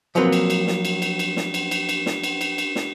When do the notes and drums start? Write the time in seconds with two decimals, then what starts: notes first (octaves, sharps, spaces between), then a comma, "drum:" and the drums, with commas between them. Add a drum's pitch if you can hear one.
0.15 F3 F#3 A#3 C4 B4
0.32 drum: cymbal
0.50 drum: cymbal
0.67 drum: snare
0.85 drum: cymbal
1.02 drum: cymbal
1.19 drum: cymbal
1.37 drum: snare
1.54 drum: cymbal
1.71 drum: cymbal
1.89 drum: cymbal
2.06 drum: snare
2.23 drum: cymbal
2.41 drum: cymbal
2.58 drum: cymbal
2.76 drum: snare